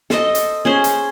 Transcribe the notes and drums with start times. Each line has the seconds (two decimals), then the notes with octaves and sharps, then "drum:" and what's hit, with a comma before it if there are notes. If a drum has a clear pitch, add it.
0.10 A4 C5 D#5, drum: snare
0.35 drum: hi-hat
0.65 C#4 G#4 C5
0.84 drum: hi-hat